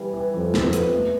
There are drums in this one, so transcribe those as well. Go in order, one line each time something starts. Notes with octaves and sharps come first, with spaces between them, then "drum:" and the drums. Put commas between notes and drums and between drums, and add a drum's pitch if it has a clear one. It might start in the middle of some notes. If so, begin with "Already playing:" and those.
Already playing: E3 G3
E3
F2 E3
B3, drum: snare
F2
B3, drum: hi-hat
A3